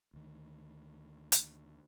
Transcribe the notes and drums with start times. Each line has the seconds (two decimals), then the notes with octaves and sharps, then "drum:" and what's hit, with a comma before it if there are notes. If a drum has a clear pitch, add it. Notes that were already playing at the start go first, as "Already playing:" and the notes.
0.13 D2 D#3
1.32 drum: hi-hat